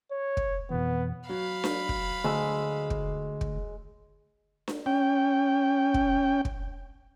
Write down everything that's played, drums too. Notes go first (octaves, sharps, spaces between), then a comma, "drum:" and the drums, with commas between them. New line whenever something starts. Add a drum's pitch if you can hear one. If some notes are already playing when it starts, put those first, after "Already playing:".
C#5
drum: kick
F2 B2 E3 B3
F#3 F5 B5
drum: snare D4
drum: kick
D2 G#3 E6
drum: kick
drum: kick
drum: snare D4
C#4 G5
drum: kick
drum: kick